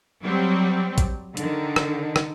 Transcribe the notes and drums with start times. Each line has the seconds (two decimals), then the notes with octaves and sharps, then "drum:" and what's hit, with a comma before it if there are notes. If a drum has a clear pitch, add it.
0.23 F#3 G3 C4
0.98 drum: kick A1, hi-hat
1.37 D3 D#3, drum: hi-hat
1.76 drum: rim click
2.16 drum: rim click